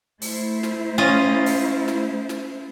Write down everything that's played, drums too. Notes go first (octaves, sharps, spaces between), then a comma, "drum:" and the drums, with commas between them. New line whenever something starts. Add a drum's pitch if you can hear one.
A3 E4 C5, drum: open hi-hat
drum: snare
C#4 F4 D#5
drum: open hi-hat
drum: snare
drum: snare